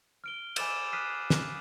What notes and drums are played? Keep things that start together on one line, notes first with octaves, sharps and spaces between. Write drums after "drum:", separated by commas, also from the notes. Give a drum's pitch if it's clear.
F6 D7 G7
G#5 B5 D6 E6 A6 E7, drum: cymbal
D#6 F6 F#6 B6 C7 D#7
drum: snare